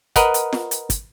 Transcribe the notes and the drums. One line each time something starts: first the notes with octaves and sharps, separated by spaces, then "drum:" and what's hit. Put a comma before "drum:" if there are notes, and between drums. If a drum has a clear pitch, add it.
A#4 B4 D#5 F#5, drum: kick, hi-hat
drum: hi-hat
drum: snare F4
drum: hi-hat
drum: kick, hi-hat